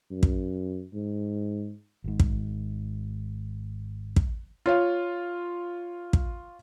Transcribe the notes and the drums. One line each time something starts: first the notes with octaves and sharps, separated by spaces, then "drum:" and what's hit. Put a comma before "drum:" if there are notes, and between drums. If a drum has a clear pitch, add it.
F#2
drum: kick
G#2
G#1 G#2
drum: kick
drum: kick
F4 C#5 F5
drum: kick